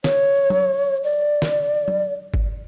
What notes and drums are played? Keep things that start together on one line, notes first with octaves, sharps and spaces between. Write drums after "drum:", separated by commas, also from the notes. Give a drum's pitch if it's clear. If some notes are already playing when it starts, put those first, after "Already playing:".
C#5, drum: snare
drum: tom F#3
D5
drum: snare
drum: tom F#3
drum: kick G1